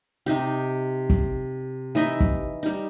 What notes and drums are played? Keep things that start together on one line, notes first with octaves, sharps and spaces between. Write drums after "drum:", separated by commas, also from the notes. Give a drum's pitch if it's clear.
C3 D#4 G4
drum: kick
E3 D#4 D#5 E5
drum: kick
G3 D#4